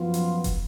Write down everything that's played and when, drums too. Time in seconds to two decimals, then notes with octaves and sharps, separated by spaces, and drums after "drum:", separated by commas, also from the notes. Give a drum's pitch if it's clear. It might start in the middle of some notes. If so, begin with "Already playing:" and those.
Already playing: F#2 F3 B3 F4
0.14 drum: hi-hat
0.44 drum: kick F1, hi-hat